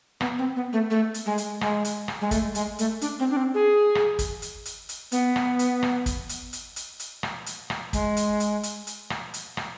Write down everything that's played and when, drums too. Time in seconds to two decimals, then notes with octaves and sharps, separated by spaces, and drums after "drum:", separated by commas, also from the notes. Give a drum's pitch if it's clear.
0.21 B3, drum: rim click
0.38 C4
0.56 B3
0.73 A3
0.90 A3
1.14 drum: hi-hat
1.26 G#3
1.38 drum: hi-hat
1.61 G#3, drum: rim click
1.85 drum: hi-hat
2.08 drum: rim click
2.21 G#3
2.31 A3, drum: kick, hi-hat
2.55 G#3, drum: hi-hat
2.79 A3, drum: hi-hat
3.01 D4, drum: hi-hat
3.19 C4
3.31 D4
3.37 C4
3.54 G#4
3.95 drum: rim click
4.19 drum: kick, hi-hat
4.42 drum: hi-hat
4.65 drum: hi-hat
4.89 drum: hi-hat
5.12 B3, drum: hi-hat
5.36 drum: rim click
5.59 drum: hi-hat
5.83 drum: rim click
6.06 drum: kick, hi-hat
6.29 drum: hi-hat
6.53 drum: hi-hat
6.76 drum: hi-hat
7.00 drum: hi-hat
7.23 drum: rim click
7.46 drum: hi-hat
7.70 drum: rim click
7.93 G#3, drum: kick, hi-hat
8.17 drum: hi-hat
8.40 drum: hi-hat
8.63 drum: hi-hat
8.87 drum: hi-hat
9.10 drum: rim click
9.34 drum: hi-hat
9.57 drum: rim click